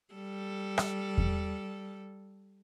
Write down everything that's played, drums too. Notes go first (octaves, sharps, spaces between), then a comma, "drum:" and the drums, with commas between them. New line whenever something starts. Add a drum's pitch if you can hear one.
G3 A4
drum: rim click
drum: kick E2